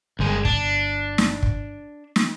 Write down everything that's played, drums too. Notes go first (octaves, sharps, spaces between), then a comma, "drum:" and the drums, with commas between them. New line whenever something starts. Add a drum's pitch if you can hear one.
G1 C2 D3 G#3
D4, drum: kick
drum: snare
drum: kick
drum: snare